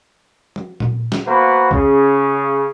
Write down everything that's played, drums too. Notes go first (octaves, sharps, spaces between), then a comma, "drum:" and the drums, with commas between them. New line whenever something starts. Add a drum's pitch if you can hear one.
drum: tom F3
drum: tom A#2
drum: snare
A#3 B3 F#4 B4 C5
C#3, drum: kick B1